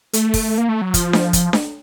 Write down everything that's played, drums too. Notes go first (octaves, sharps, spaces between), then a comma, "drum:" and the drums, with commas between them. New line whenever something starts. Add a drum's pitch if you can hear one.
A3, drum: hi-hat
drum: kick, open hi-hat
A#3
A3
F#3
F3, drum: kick, hi-hat
drum: snare D4
drum: kick, hi-hat
drum: snare D4